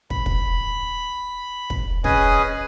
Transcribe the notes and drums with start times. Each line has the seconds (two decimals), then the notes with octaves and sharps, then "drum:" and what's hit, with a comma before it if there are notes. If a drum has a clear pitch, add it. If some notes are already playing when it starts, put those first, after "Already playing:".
0.10 B5, drum: kick
0.26 drum: kick
1.70 drum: kick
2.04 C#4 G#4 B4 D#5 G#5 D#6, drum: kick